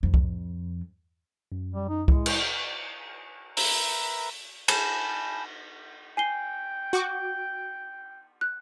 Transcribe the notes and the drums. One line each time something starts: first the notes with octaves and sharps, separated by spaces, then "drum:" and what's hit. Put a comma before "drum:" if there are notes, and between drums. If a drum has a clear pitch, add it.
F2
drum: kick C2
F#2
G3
D#4
G#3 E4, drum: kick C2
drum: cymbal
A#4 B4 E5 A#5, drum: open hi-hat
G#5 A5 B5 G6 E7, drum: cymbal
G5 G#5 C7 G7
F#4 C#6 D6
F#6